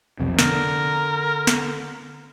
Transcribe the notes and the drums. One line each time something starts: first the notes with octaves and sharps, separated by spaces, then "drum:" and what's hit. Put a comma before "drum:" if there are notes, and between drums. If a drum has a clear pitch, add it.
B1 F2 C3
D3 A#4, drum: snare
drum: snare